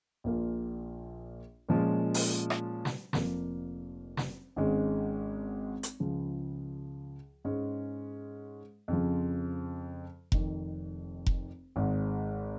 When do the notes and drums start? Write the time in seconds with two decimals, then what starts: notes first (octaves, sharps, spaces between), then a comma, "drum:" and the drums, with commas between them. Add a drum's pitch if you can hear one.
0.24 A#1 A#2 A#3 F4
1.69 A#2 F3 G#3 C#4 F4
2.14 drum: open hi-hat
2.50 drum: rim click
2.85 drum: snare
3.13 F1 F2 F3 A#3, drum: snare
4.17 drum: snare
4.56 G#1 G#2 G#3 C#4
5.83 drum: hi-hat
6.00 C#2 C#3 F3
7.45 G#2 G#3 C#4
8.88 F2 C#3 F3
10.32 F1 F2 D#3, drum: kick F1
11.26 drum: kick F1
11.76 G#1 G#2 G#3